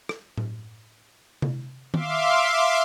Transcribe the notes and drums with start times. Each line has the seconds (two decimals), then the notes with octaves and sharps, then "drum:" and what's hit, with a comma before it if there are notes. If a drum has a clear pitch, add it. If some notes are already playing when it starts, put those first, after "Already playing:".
0.09 drum: rim click
0.38 drum: tom A2
1.42 drum: tom C3
1.94 E5 F5 C6 D6, drum: tom